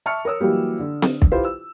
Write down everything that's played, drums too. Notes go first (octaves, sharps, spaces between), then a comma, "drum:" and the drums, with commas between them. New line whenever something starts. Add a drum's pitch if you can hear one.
E5 A5 C#6 F6 C#7
A#4 C#5 D#6 E6
E3 F#3 G3 A#3 G4
D3
drum: snare C4
drum: kick
E4 F4 G4 B4 C5
E6